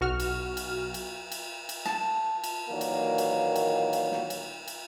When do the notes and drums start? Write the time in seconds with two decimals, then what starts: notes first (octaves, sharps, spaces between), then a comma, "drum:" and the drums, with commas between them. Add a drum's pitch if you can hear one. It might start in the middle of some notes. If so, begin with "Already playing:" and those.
0.01 B1 F#4 F6
0.20 drum: cymbal
0.57 drum: cymbal
0.94 drum: cymbal
1.32 drum: cymbal
1.69 drum: cymbal
1.86 A5, drum: snare
2.44 drum: cymbal
2.69 A#2 D#3 E3 F#3 G3 A#3
2.81 drum: cymbal
3.18 drum: cymbal
3.56 drum: cymbal
3.93 drum: cymbal
4.12 drum: snare
4.30 drum: cymbal
4.68 drum: cymbal